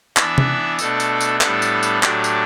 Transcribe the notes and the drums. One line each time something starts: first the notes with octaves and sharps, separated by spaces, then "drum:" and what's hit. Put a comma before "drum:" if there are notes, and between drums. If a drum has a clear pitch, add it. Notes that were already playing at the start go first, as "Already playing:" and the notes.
E3 B3 D4 E5, drum: clap
drum: tom C3
B2 A3 D4 A4, drum: tambourine
drum: tambourine
drum: tambourine
A2 G3 B3 D4 A4, drum: clap
drum: tambourine
drum: tambourine
A2 F#3 A3 D4 G4, drum: clap
drum: tambourine